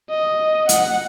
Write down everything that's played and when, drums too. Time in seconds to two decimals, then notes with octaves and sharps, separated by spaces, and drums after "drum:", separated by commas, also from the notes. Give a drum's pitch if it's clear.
0.11 D#5
0.69 F#5, drum: hi-hat